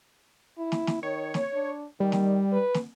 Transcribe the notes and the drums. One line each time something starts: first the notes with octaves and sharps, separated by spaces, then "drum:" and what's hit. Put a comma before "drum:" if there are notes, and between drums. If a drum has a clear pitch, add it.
E4
drum: snare
drum: snare
D#3 C#5
drum: snare
D4
D#3 G3
drum: snare
B4
drum: snare